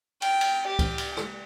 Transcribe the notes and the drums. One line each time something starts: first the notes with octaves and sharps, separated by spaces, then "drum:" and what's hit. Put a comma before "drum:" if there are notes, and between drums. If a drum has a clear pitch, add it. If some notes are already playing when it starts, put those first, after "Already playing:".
G5, drum: cymbal
drum: cymbal
G4
drum: kick C#2, cymbal
drum: cymbal
drum: rim click